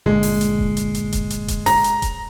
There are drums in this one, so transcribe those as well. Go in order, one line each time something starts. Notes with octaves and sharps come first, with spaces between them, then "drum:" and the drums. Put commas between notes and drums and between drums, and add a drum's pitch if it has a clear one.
G1 A#2 D3 G#3
drum: open hi-hat
drum: hi-hat
drum: kick D#1
drum: hi-hat
drum: hi-hat
drum: kick D#1, hi-hat
drum: hi-hat
drum: kick D#1, hi-hat
A#5, drum: open hi-hat
drum: hi-hat
drum: kick D#1, hi-hat